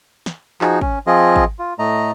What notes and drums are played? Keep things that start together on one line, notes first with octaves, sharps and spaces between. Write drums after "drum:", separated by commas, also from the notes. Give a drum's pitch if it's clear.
drum: snare
F3 D#4 F#4 G#4, drum: clap
C#4, drum: kick
F3 C4 F4 G#4 D#5
drum: kick
F4
A2 A3 D#5 A#5